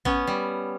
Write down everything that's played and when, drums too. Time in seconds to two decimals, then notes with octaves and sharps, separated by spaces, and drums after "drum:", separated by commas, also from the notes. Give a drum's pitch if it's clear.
0.05 B3 C#4, drum: kick A1
0.27 G3